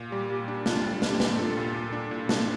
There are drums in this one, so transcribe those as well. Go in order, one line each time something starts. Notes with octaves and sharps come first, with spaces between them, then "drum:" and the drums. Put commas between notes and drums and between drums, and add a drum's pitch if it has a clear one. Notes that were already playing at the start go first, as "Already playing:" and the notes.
Already playing: A#2
G3 G4
A#2 G4
D4 G4
D4 F4, drum: snare
G3
D4 G4, drum: snare
A#2, drum: snare
F4 A4
A#2
A#2
D4
A#2 E4
D4, drum: snare